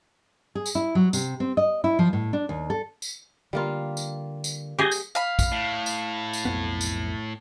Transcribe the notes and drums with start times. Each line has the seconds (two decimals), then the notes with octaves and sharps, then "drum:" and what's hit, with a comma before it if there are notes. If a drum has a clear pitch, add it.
0.55 G#4
0.66 drum: tambourine
0.75 E4
0.95 F#3
1.13 C3, drum: tambourine
1.40 C4
1.57 D#5
1.84 E4
1.99 F3
2.13 A2
2.33 D4
2.49 D#2
2.70 A4
3.02 drum: tambourine
3.53 D3 G3 A#3 F4
3.97 drum: tambourine
4.44 drum: tambourine
4.79 G4 G#4 G6 G#6 A#6
4.91 drum: tambourine
5.15 F5 B5
5.39 drum: kick, tambourine
5.52 A2
5.86 drum: tambourine
6.33 drum: tambourine
6.45 B1 F2 B3
6.81 drum: tambourine